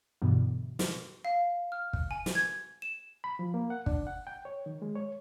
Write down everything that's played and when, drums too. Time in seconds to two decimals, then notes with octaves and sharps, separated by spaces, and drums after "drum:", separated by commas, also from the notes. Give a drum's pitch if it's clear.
0.22 G2 B2 D3 E3 B3
0.79 drum: snare
1.25 F5
1.72 F6
1.93 drum: kick
2.11 G#5
2.26 drum: snare
2.35 G#6
2.82 E7
3.24 B5
3.39 F3
3.54 A#3
3.70 F#5
3.86 D4, drum: kick
4.07 F#5
4.27 G5
4.45 C#5
4.66 D#3
4.82 G#3
4.95 C#5